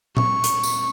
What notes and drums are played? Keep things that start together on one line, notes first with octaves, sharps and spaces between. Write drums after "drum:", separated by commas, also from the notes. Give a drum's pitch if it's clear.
C#6, drum: tom A#2
drum: hi-hat
drum: tambourine